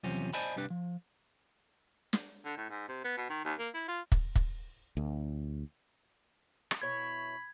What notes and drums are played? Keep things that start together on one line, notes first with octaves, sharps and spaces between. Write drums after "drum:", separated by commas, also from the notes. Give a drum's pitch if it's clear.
E2 C3 F3 F#3 C4 C#4
C5 D5 D#5 G#5 A5 B5, drum: hi-hat
C2 G3 D4 B4
F3
drum: snare
D3
A2
G#2
C3
B3
B2
D#3
D#2
A#3
E4
F4
drum: kick
drum: kick
D2
drum: rim click
B2 E4 C#5 B5 G#6